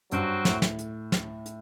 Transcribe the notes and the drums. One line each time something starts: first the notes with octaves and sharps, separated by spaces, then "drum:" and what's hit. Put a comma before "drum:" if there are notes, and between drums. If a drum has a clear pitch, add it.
G2 F#3 C4 F#4, drum: hi-hat
A2, drum: snare
drum: snare
drum: hi-hat
drum: snare
drum: hi-hat